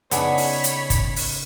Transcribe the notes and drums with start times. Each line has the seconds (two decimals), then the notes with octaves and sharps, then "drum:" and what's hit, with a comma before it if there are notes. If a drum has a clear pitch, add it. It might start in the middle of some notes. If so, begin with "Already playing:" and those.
0.11 C#3 B3 D4 D#4 G#4 C#5 B5, drum: hi-hat
0.38 drum: open hi-hat
0.64 drum: hi-hat
0.90 drum: kick, hi-hat
1.16 drum: open hi-hat